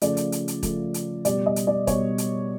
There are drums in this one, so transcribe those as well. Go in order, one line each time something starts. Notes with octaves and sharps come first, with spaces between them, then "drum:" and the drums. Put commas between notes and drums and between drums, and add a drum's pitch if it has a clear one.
C#3 F3 A3 D5, drum: hi-hat
drum: hi-hat
drum: hi-hat
drum: hi-hat
C#3 F3 A3, drum: kick, hi-hat
drum: hi-hat
B2 G3 D5, drum: hi-hat
D#5
drum: hi-hat
D5
B2 G3 C#5, drum: kick, hi-hat
drum: hi-hat